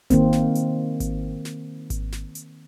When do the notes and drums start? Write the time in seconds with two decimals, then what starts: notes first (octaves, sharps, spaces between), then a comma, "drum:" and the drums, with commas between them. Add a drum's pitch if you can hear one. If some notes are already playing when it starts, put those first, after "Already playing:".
0.10 D#3 A#3 C4, drum: kick G#1, hi-hat
0.33 drum: snare
0.55 drum: hi-hat
1.00 drum: kick G#1, hi-hat
1.45 drum: snare
1.90 drum: kick G#1, hi-hat
2.13 drum: snare
2.35 drum: hi-hat